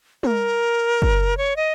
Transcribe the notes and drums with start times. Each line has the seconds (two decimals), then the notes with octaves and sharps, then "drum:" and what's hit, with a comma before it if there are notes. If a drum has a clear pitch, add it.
0.23 C#5, drum: tom
0.27 A#4
1.02 drum: kick
1.37 C#5
1.56 D#5